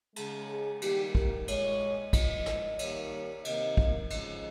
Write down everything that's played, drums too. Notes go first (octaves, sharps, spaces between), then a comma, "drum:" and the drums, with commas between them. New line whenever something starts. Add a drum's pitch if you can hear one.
C#3 G#3 G#4, drum: cymbal
G#4
D#3 G3 A#3 G4, drum: cymbal
A#4, drum: kick
A#2 G#3 C#5, drum: cymbal
A#2 F3 A#3 D#5, drum: kick, cymbal
drum: snare
D#3 G3 A#3 C#5, drum: cymbal
C3 D#3 A#3 D#5, drum: cymbal
drum: kick
C#3 F3 G#3 D#5, drum: cymbal